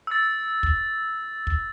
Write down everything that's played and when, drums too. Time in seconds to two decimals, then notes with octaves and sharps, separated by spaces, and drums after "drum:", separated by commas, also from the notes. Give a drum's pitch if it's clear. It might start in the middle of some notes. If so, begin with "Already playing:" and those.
0.07 E6 A6
0.63 drum: kick
1.47 drum: kick